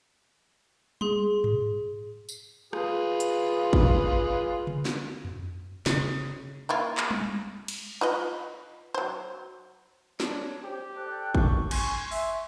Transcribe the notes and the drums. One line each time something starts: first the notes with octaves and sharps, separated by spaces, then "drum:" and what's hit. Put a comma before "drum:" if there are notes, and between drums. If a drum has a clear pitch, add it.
G#4 C6, drum: tom G3
drum: tom G#2
drum: tambourine
F4 G#4 B4, drum: rim click
drum: hi-hat
drum: kick
drum: tom C#3
drum: snare
drum: tom F2
C#3, drum: snare
A#3 E4 F4
drum: clap
drum: tom G3
drum: cymbal
F4 B4 D#5
F#3 C5
D4 C#5, drum: snare
G4 C5
A4 D5 G5 F#6
C#6, drum: kick
G#5 C6, drum: cymbal
E5, drum: open hi-hat